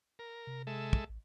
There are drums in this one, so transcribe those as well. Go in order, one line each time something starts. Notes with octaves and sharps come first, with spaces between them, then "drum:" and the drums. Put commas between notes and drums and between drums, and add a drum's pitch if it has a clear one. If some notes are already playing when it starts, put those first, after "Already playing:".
A#4
C3
G#3 A4 E5
drum: kick
A1